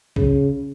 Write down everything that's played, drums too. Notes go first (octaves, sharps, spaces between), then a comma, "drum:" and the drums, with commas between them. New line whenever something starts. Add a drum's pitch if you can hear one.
C#3, drum: kick C2